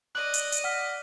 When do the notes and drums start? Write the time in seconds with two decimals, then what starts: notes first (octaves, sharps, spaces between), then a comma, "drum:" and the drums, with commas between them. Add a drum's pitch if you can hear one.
0.15 D5 D#5 F#6 F#7
0.34 drum: hi-hat
0.52 drum: hi-hat
0.64 F#5 F6 B6